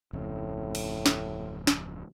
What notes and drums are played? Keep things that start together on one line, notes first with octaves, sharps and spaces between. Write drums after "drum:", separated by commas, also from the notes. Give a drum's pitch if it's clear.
D1 F2 A2 C#3
drum: cymbal
drum: snare
drum: snare